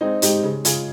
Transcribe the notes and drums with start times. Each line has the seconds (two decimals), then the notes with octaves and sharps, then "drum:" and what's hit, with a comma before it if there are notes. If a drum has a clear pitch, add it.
0.01 G#3 C4 D#4
0.22 G#2 D#4 G4, drum: hi-hat
0.43 C#3
0.65 C#3 F4 G#4, drum: hi-hat